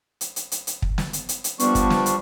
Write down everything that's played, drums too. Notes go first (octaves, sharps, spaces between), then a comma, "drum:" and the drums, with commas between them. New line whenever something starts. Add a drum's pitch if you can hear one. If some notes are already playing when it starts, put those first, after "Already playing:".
drum: hi-hat
drum: hi-hat
drum: hi-hat
drum: hi-hat
drum: kick
drum: snare
drum: hi-hat
drum: hi-hat
drum: hi-hat
F3 G3 B3 D4 C#6, drum: hi-hat
drum: kick, hi-hat
drum: snare
drum: hi-hat